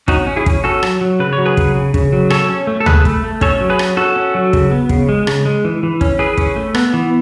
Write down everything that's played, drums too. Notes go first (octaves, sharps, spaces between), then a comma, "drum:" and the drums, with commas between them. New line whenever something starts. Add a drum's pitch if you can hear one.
C#4 D#4 F#4, drum: kick
C#4
E4 G#4
C#4, drum: kick
C#4 F#4 A4
F#3, drum: rim click
F#3
C#3 B4
C#5
F#3
G#4 B4
C#3, drum: kick
C#3
C#3, drum: kick
F#3
C#4 A4 C#5, drum: rim click
C#4
A3
A4
A3 G#4 B4, drum: tom D2
A3, drum: kick
A3
C#4 A4 C#5, drum: kick
F#3
G#4 B4
C#4, drum: rim click
C#4 F#4 A4
C#4
F#3
C#3, drum: kick
B3
C#3, drum: kick
G#3
C#3, drum: rim click
G#3
E3
E3
C#4, drum: kick
E3 G#4 B4
C#4, drum: kick
A3
B3, drum: rim click
E3